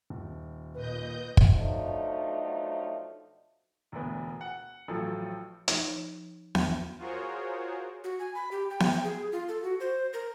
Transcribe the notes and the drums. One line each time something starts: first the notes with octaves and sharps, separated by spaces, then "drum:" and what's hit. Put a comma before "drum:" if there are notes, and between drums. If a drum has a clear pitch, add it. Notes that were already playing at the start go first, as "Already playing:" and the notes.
D#1
A#2 B4 D#5 G6
drum: kick
B2 F3 F#3 A3 D4 D#4
E1 D2 B3
F#5
A1 F3 F#3 A4
F3 D#4, drum: hi-hat
F3
E2 D4, drum: snare B3
F4 F#4 G#4 A#4 C5 C#5
F#4
G#5
B5
G4
G5
drum: snare B3
G5
G#4
F4
A4
F#4
C5
A#4